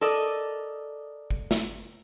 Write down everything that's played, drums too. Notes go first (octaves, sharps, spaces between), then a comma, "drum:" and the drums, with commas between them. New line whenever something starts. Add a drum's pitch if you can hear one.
A4 A#4 D5 D#5
drum: kick G1
drum: snare